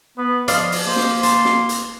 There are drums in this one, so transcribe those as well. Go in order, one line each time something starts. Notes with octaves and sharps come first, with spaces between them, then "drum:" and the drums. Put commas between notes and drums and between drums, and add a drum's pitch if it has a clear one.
B3 B4
F3 D5 D#5 F5 C6, drum: hi-hat
drum: open hi-hat
A#3 C5
drum: snare
A5 C6, drum: hi-hat
drum: snare
drum: hi-hat